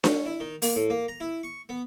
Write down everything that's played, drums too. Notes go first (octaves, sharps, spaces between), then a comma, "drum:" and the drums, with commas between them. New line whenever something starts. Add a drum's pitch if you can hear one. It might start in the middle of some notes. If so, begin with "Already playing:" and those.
C#4, drum: snare D4
E4
D#3
A#3, drum: open hi-hat
A2
A#3
A#5
E4
C#6
B3